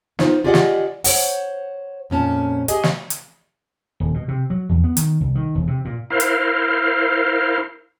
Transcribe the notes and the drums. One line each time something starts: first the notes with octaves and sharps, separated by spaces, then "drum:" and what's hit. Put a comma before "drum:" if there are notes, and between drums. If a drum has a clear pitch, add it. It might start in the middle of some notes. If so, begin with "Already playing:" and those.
B3 D#4 F4 C5, drum: snare
F4 G4 G#4 D5 D#5 F#5
drum: snare
C5 C#5 F#5, drum: open hi-hat
F2 A#2 C#4 A5
G4 G#4 D#5 G#5, drum: hi-hat
drum: snare
drum: hi-hat
D#1
B2
C3
F#3
E2
B3
D#3, drum: hi-hat
C2
D#3
E1
C3
A#2
E4 A#4 C5 F5
drum: hi-hat